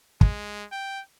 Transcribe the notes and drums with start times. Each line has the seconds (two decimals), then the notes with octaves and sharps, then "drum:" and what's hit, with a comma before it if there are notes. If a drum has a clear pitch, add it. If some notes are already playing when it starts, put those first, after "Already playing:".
0.21 G#3, drum: kick
0.72 G5